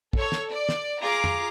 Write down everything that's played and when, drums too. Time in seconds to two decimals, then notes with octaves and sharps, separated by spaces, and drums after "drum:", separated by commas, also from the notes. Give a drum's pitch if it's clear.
0.13 A4 C#5, drum: kick
0.32 drum: snare
0.52 D5
0.69 drum: snare
1.02 F4 G#4 A#5 D6
1.24 drum: tom F2